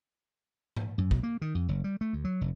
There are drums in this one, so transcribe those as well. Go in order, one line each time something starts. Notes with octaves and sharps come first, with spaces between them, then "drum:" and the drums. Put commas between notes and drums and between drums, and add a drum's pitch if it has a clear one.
drum: tom G#2
F#2
B1, drum: kick
A#3
D#3
F2
F#1
G3
A3
D2
F#3
F1